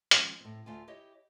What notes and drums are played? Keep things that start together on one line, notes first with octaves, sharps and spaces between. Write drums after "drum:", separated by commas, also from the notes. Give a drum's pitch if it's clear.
D#3 F3 G#3 C4 C#4, drum: hi-hat
A2 C4
D2 A3 F4 G#5
E4 G4 C#5 D#5